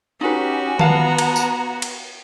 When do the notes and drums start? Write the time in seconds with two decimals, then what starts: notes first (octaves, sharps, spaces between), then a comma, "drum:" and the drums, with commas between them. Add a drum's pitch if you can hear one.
0.21 C#4 D#4 F#4 G4 B4
0.79 B3 F5 A5 A#5, drum: tom D#3
1.18 drum: cymbal
1.36 drum: tambourine
1.82 drum: cymbal